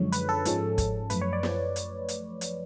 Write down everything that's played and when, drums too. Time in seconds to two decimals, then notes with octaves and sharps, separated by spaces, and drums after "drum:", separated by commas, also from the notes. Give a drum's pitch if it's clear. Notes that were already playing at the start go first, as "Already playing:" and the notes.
Already playing: F#2 D3 F3 G#3 C#5
0.12 B4, drum: hi-hat
0.29 A4
0.45 G#2 F3 G#3 C#4, drum: hi-hat
0.78 drum: kick, hi-hat
1.10 F#2 F3 A3 B4, drum: hi-hat
1.22 C#5
1.33 D5
1.43 drum: snare
1.76 drum: hi-hat
2.08 drum: hi-hat
2.41 drum: hi-hat